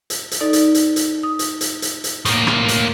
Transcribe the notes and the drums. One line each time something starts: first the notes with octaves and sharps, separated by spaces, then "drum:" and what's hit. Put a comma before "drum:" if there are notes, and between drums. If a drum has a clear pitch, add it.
drum: hi-hat
drum: hi-hat
D#4 A4 D5
drum: hi-hat
drum: hi-hat
drum: hi-hat
D#6
drum: hi-hat
drum: hi-hat
drum: hi-hat
drum: hi-hat
A2 A#3, drum: hi-hat
drum: rim click
drum: hi-hat